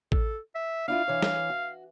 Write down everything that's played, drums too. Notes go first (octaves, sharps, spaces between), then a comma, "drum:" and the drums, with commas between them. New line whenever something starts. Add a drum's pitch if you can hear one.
A4, drum: kick A1
E5
D4 E4 F4 F5
E3 C#5
drum: snare
F#4